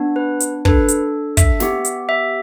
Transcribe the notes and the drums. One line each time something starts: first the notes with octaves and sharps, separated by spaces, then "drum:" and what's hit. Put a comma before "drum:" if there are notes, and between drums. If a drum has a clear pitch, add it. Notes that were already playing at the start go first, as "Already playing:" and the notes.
Already playing: B3 D4
B4
drum: hi-hat
D4 A4 B4, drum: kick
drum: hi-hat
E5, drum: kick, hi-hat
B3 G4 E5, drum: snare
drum: hi-hat
E5